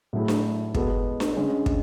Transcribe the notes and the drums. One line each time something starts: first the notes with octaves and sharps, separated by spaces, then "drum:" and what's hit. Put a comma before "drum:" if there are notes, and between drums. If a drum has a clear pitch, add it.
A2 F#3 A3 E4 G#4
drum: snare D4
G#3 B3 F#4 A4, drum: kick
drum: snare D4
D3 G#3 C#4 G#4
drum: kick